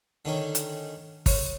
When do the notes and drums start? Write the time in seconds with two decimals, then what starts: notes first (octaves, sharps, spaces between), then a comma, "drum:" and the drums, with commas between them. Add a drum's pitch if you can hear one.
0.25 D3 D#3 C#4
0.55 drum: hi-hat
1.26 C#5, drum: kick, open hi-hat